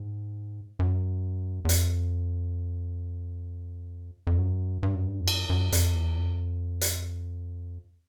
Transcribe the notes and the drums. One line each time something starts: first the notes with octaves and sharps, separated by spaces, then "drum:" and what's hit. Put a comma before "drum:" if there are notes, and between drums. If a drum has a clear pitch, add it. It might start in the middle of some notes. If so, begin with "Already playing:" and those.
Already playing: G#2
F#2
E2
F2, drum: hi-hat
F2
F#2
G2
F#2
G2
F2
F#2, drum: cymbal
F#2
F2, drum: hi-hat
E2
F2
drum: hi-hat